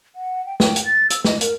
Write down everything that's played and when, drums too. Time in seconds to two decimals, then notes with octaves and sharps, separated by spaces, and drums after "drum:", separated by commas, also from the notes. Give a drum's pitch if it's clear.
0.16 F#5
0.46 G5
0.60 G5, drum: snare
0.76 drum: hi-hat
0.86 A6
1.10 E6, drum: hi-hat
1.24 D#5, drum: snare
1.41 A#4, drum: hi-hat